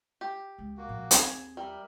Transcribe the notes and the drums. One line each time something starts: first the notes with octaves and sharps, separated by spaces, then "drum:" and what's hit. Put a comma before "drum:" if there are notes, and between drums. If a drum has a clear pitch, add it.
G4
C#2 G#3
A#3 F#4
A#1
D#2 C4 G#4, drum: hi-hat
G3 A#4 E5